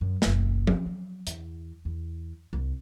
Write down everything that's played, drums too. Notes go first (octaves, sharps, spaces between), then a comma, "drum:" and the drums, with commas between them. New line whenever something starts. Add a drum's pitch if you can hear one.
F#2
F#1 B1, drum: snare
drum: tom F3
F#3
E2, drum: hi-hat
E2
C2